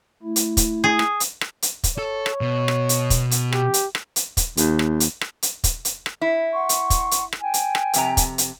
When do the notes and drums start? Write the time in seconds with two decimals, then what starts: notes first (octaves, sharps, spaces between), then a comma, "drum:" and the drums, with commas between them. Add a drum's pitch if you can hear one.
0.23 A3 E4
0.36 drum: hi-hat
0.57 drum: kick, hi-hat
0.84 G#4
0.99 drum: rim click
1.20 drum: hi-hat
1.41 drum: rim click
1.62 drum: hi-hat
1.84 drum: kick, hi-hat
1.98 A4 C#5
2.26 drum: rim click
2.41 B2
2.68 drum: rim click
2.89 drum: hi-hat
3.10 drum: kick, hi-hat
3.31 drum: hi-hat
3.52 G4, drum: rim click
3.74 drum: hi-hat
3.95 drum: rim click
4.16 drum: hi-hat
4.37 drum: kick, hi-hat
4.57 D#2, drum: hi-hat
4.79 drum: rim click
5.00 drum: hi-hat
5.21 drum: rim click
5.43 drum: hi-hat
5.64 drum: kick, hi-hat
5.85 drum: hi-hat
6.06 drum: rim click
6.21 E4
6.53 F#5 C6 C#6
6.69 drum: hi-hat
6.90 drum: kick, hi-hat
7.11 drum: hi-hat
7.33 drum: rim click
7.42 G5 G#5
7.54 drum: hi-hat
7.75 drum: rim click
7.93 F2 C3 A#5, drum: hi-hat
8.17 drum: kick, hi-hat
8.38 drum: hi-hat